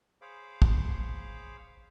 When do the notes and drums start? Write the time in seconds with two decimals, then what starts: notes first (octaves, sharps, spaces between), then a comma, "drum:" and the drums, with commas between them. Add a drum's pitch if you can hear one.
0.21 G#4 C5 C#5 F5 B5 D6
0.62 drum: kick